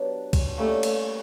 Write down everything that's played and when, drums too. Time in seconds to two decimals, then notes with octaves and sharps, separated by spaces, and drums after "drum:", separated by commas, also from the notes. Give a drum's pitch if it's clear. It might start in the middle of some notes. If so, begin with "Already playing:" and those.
Already playing: F#3 B3 D4 G4
0.33 drum: kick, cymbal
0.58 G3 A3 A#3 C#4
0.83 drum: cymbal